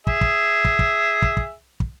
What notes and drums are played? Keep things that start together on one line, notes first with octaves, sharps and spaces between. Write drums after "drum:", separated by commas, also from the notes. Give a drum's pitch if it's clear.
G#4 E5, drum: kick
drum: kick
drum: kick
drum: kick
drum: kick
drum: kick
drum: kick